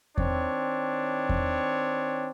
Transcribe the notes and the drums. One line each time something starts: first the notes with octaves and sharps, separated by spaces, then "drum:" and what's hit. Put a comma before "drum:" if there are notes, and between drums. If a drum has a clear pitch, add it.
D#3 C4 D4 C#5, drum: kick E2
drum: kick E2